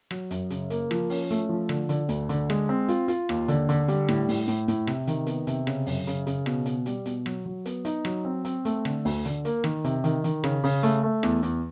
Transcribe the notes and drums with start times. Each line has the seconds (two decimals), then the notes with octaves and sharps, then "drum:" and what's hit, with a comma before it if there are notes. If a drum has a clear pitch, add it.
0.11 F#3, drum: rim click
0.31 F#2, drum: hi-hat
0.50 C#3, drum: hi-hat
0.70 A#3, drum: hi-hat
0.91 F3, drum: rim click
1.10 C#4, drum: open hi-hat
1.30 A3, drum: hi-hat
1.49 F3
1.69 D3, drum: rim click
1.89 D3, drum: hi-hat
2.09 D2, drum: hi-hat
2.29 D3, drum: hi-hat
2.50 G#3, drum: rim click
2.69 C4
2.88 F4, drum: hi-hat
3.08 F4, drum: hi-hat
3.29 D#2, drum: rim click
3.48 D3, drum: hi-hat
3.69 D3, drum: hi-hat
3.88 G3, drum: hi-hat
4.08 A2, drum: rim click
4.28 A2, drum: open hi-hat
4.48 A2, drum: hi-hat
4.68 A2, drum: hi-hat
4.87 C3, drum: rim click
5.07 D#3, drum: hi-hat
5.27 B3, drum: hi-hat
5.47 C3, drum: hi-hat
5.67 C#3, drum: rim click
5.86 F#2, drum: open hi-hat
6.07 C#3, drum: hi-hat
6.27 C#3, drum: hi-hat
6.46 B2, drum: rim click
6.66 B2, drum: hi-hat
6.86 G3, drum: hi-hat
7.06 B2, drum: hi-hat
7.26 F#3, drum: rim click
7.46 F#3
7.66 B3, drum: hi-hat
7.85 D#4, drum: hi-hat
8.05 F#3, drum: rim click
8.25 C4
8.45 C4, drum: hi-hat
8.65 A3, drum: hi-hat
8.85 D3, drum: rim click
9.05 D2, drum: open hi-hat
9.25 D3, drum: hi-hat
9.45 A#3, drum: hi-hat
9.64 D#3, drum: rim click
9.84 C3, drum: hi-hat
10.04 D#3, drum: hi-hat
10.24 D#3, drum: hi-hat
10.44 C#3, drum: rim click
10.64 C#3, drum: open hi-hat
10.83 A3, drum: hi-hat
11.03 A3
11.23 E2, drum: rim click
11.43 E2, drum: hi-hat